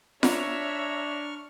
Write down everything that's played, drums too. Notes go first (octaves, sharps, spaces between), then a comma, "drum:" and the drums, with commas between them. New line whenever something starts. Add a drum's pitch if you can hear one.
D4 C#5 E5 A#5 C#6 F6, drum: snare F4